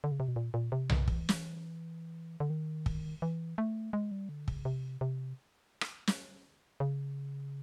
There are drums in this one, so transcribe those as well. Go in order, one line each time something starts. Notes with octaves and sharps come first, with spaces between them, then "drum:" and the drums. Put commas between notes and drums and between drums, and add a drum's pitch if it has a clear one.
D3
C#3
C3
B2
A#2
A#2
C3
C#3, drum: tom B1
E3, drum: kick
drum: snare
D3
D#3
drum: kick
E3
A3
G#3
G3
D3
C#3, drum: kick
C3
C3
drum: rim click
drum: snare
C#3